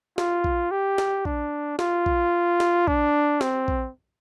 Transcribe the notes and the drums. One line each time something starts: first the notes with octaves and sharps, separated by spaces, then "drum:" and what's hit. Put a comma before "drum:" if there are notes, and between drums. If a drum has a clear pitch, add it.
F4, drum: snare
drum: kick A#1
G4
drum: snare
D4, drum: kick A#1
F4, drum: snare
drum: kick A#1
drum: snare
D4, drum: kick A#1
C4, drum: snare
drum: kick A#1